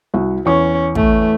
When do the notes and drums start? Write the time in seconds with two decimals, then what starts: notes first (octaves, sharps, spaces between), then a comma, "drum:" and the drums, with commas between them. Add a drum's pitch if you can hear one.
0.14 C2 F#4
0.46 E2 C#4 C#6
0.95 A3, drum: kick